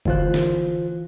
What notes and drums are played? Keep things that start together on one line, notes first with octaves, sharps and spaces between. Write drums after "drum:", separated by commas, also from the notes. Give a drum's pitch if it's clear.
D2 E3 F4 C5 F#6, drum: kick
drum: snare